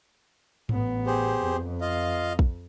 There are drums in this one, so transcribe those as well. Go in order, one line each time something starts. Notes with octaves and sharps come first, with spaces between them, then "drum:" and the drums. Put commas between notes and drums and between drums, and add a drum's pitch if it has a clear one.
A1 B3, drum: tom G#2
G4 G#4 C5
F2
F4 D#5 F5
drum: kick A#1